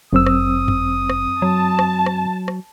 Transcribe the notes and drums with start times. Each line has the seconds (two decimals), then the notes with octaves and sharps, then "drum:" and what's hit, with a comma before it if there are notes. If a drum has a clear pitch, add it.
0.13 G1 F#2 C4 D#6 E6
0.26 drum: rim click
0.68 drum: tom F2
1.10 drum: rim click
1.42 F#3 A5
1.79 drum: rim click
2.06 drum: rim click
2.48 drum: rim click